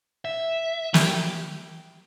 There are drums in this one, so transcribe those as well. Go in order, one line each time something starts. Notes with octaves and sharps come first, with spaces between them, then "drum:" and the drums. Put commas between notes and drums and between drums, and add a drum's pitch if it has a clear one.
E5
G4, drum: snare